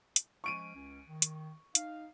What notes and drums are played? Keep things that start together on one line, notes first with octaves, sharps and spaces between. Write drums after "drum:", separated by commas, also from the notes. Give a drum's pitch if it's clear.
drum: hi-hat
F3 G#3 C#4 C#6 D7 D#7
C#2 C#4
D#3
drum: hi-hat
D#4 F5, drum: hi-hat